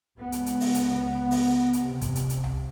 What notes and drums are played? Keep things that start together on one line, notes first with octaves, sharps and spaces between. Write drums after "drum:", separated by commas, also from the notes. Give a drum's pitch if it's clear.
C#2 B3
drum: hi-hat
drum: hi-hat
drum: open hi-hat
drum: hi-hat
drum: open hi-hat
drum: hi-hat
C3
drum: kick, hi-hat
drum: hi-hat
drum: hi-hat
drum: tom C2